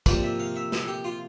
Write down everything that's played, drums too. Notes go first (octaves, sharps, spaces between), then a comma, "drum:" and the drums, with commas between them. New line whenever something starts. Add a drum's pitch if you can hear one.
C3 F3 A#3 D5, drum: kick, tambourine
E5
F5
E5
A4, drum: snare
G4
F4